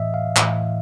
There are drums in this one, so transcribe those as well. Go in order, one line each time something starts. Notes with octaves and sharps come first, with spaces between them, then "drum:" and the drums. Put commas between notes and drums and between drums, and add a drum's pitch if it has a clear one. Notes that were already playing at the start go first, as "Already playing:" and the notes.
Already playing: A2 E3 D#5 E5
F5
A2 E3, drum: clap